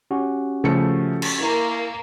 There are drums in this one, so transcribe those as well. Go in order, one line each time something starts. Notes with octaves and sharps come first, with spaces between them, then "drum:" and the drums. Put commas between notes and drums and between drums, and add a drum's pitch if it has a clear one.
C#4 F#4 G4
C#3 F3 A3 A4 C#7
drum: cymbal
A#3 E4